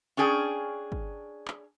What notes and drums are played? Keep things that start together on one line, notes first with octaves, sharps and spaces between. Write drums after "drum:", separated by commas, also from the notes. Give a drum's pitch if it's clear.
C#4 D4 G#4 G5
drum: kick
drum: clap